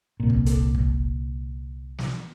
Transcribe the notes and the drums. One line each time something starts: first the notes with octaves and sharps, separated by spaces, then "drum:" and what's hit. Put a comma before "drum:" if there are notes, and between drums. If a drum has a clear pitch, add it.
C2 A#2
drum: kick
drum: hi-hat
drum: kick
drum: snare